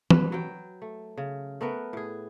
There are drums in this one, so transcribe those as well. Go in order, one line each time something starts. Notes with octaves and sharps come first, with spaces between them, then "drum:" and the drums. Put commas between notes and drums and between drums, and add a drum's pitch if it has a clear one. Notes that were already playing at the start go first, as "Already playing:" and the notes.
B4, drum: tom
F#3 G5
A3
C#3
A3 B3 A#4 B4
A2 G#4